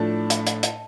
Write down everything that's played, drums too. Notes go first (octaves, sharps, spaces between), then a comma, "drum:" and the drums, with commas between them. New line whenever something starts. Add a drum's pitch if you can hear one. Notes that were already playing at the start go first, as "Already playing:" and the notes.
Already playing: A2 F3 A3 D4 A5
drum: hi-hat
drum: hi-hat
drum: hi-hat